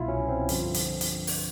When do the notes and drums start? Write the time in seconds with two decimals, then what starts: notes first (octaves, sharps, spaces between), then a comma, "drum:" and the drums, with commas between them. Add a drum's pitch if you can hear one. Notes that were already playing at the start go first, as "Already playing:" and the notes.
Already playing: C2 B2 E4 F4
0.08 C#4
0.28 C4
0.49 G2 D3 F3, drum: hi-hat
0.74 drum: hi-hat
1.01 drum: hi-hat
1.27 drum: open hi-hat